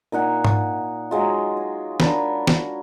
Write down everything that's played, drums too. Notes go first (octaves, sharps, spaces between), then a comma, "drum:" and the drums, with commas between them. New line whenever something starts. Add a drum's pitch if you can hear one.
A#2 D#4 F#5 G#5
drum: tom G#2
F#3 G#3 F4
C#5
D4 A#4 C#5 B5, drum: snare
drum: snare